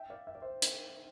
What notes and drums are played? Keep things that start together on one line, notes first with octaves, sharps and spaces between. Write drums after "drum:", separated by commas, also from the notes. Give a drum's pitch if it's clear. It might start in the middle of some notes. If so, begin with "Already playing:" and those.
Already playing: E5 G5
D5 F5
E5
D5
C5 E5
drum: hi-hat